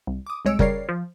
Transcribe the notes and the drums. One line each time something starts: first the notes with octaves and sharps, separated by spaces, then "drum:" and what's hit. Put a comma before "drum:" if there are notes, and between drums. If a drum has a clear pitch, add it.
C2
D6 D#6
C2 G#3 C#5 E6 D7
C#3 G3 A#4 C#5 D5 C7, drum: kick F#1
F3